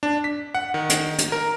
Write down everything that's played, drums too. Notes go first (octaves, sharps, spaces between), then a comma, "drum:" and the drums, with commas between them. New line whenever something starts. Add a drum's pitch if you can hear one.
D4
B6
F#5
D#3
drum: hi-hat
drum: hi-hat
A#4